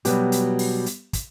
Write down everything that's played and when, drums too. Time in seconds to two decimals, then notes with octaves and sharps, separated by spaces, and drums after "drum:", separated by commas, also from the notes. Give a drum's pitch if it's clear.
0.05 B2 F#3 G3 B3 G4, drum: hi-hat
0.32 drum: hi-hat
0.59 drum: open hi-hat
0.86 drum: hi-hat
1.13 drum: kick, hi-hat